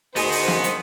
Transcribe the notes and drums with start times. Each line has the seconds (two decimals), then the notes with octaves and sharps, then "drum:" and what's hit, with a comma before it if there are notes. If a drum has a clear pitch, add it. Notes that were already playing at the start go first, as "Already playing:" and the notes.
0.16 D2 D#3 B3 D#4 G#4 C5, drum: open hi-hat
0.32 drum: open hi-hat
0.48 drum: snare
0.64 drum: hi-hat